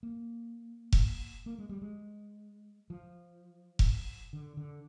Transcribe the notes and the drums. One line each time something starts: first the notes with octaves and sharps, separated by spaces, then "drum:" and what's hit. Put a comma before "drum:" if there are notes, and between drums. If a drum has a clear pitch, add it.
A#3
drum: kick F1
A#3
G#3
G3
G#3
F3
drum: kick F1
D3
D3